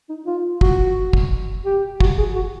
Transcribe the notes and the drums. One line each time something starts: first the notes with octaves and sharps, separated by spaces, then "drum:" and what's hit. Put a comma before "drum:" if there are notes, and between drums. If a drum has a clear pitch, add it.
D#4
F4
F#4, drum: kick
drum: kick
G4
F#4, drum: kick
G#4
F#4